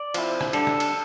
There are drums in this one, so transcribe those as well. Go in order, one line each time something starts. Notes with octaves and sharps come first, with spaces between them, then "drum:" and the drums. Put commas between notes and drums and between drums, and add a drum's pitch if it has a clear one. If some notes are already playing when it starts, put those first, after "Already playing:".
Already playing: D5
F3 C4 E4, drum: cymbal
drum: rim click
D3 G3 D4 A4, drum: cymbal
drum: rim click
drum: cymbal